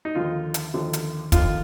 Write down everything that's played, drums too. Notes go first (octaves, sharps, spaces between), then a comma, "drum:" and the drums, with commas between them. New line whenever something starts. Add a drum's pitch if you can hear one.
D#4
D#2 D3 F3 F4
drum: hi-hat
D#2 D3 F3
drum: hi-hat
D#2 D3 F3 F4, drum: kick, hi-hat